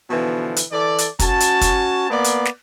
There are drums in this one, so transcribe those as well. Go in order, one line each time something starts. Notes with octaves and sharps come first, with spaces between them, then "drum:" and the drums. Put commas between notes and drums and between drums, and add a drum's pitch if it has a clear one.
B2 D3 E3 F3
drum: hi-hat
E3 A4 D5
drum: hi-hat
C#4 F#4 A5, drum: kick, hi-hat
drum: hi-hat
drum: kick, hi-hat
A#3 B3 D5
drum: hi-hat
drum: snare